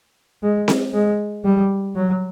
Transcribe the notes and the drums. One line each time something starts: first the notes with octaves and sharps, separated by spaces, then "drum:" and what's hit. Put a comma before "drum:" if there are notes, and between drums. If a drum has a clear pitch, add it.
G#3
drum: snare C4
G#3
G3
F#3